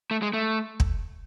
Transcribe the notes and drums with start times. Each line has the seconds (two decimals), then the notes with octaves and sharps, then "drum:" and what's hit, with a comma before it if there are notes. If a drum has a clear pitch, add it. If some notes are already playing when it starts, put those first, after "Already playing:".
0.11 A3
0.22 G#3
0.34 A3
0.80 drum: kick